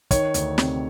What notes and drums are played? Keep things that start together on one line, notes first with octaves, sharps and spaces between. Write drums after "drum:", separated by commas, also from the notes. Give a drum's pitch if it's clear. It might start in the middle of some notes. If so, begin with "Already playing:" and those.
D#3 C#5, drum: kick, hi-hat
D2, drum: hi-hat
C3, drum: snare